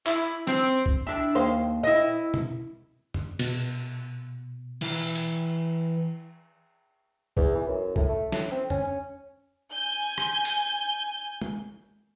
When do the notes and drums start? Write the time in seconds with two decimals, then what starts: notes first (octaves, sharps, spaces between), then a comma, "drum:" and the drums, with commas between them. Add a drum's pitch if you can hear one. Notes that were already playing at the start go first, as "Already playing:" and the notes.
0.07 E4, drum: clap
0.47 C4, drum: snare
0.86 drum: kick B1
1.07 D4 E4
1.35 D#2 C5 F5
1.83 E4 D#5
2.34 drum: tom
3.14 drum: tom
3.39 B2, drum: cymbal
4.81 E3, drum: cymbal
5.16 drum: hi-hat
7.37 E2, drum: kick B1
7.55 E3
7.68 F#2
7.96 A2, drum: kick B1
8.09 A3
8.32 A2, drum: snare
8.52 C4
8.70 C#4, drum: tom
8.84 C#4
9.72 G#5 G6
10.18 drum: rim click
10.45 drum: hi-hat
11.41 drum: tom